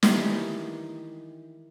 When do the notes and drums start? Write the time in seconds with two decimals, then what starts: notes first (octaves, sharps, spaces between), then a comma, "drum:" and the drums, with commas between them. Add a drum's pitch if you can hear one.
0.03 D#3 E3 D#4 G4, drum: snare